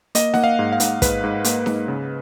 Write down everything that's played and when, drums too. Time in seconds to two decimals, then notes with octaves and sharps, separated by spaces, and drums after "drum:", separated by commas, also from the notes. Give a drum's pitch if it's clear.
0.15 A#3 D#5, drum: hi-hat
0.34 A#3 F#5, drum: snare D#4
0.44 F5
0.59 G#2
0.72 F5
0.80 G#2, drum: hi-hat
1.02 G#2 B4, drum: kick, hi-hat
1.24 G#2
1.44 A#3, drum: hi-hat
1.66 G#2, drum: snare D#4
1.88 C#3